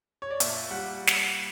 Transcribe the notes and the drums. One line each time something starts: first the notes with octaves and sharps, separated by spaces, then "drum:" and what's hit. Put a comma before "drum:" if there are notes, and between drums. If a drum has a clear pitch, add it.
C#5
D5
A#2 E5, drum: hi-hat
G3 F#5
drum: snare